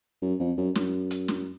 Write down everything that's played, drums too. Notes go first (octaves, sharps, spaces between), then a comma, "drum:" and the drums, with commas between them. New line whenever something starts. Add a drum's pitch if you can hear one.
F#2
F2
F#2
F#2, drum: snare
drum: hi-hat
drum: snare